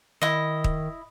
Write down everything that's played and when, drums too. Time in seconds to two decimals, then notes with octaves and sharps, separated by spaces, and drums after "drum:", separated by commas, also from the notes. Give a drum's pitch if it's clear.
0.22 D#3 E4 D#5
0.64 drum: kick